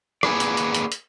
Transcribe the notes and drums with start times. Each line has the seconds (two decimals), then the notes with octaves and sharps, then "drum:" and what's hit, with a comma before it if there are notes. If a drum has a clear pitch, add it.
0.23 A#3 G#4 B4 D5, drum: rim click
0.40 drum: hi-hat
0.57 drum: hi-hat
0.74 drum: hi-hat
0.92 drum: hi-hat